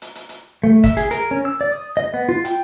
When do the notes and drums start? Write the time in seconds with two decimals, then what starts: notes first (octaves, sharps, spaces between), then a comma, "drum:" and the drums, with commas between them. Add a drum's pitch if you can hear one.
0.02 drum: hi-hat
0.15 drum: hi-hat
0.29 drum: hi-hat
0.64 A3
0.84 E5, drum: kick, hi-hat
0.97 G#4, drum: hi-hat
1.11 A#4, drum: hi-hat
1.31 C#4
1.45 E6
1.61 D5
1.72 D#6
1.97 D#5
2.14 B3
2.29 F4
2.45 G5, drum: hi-hat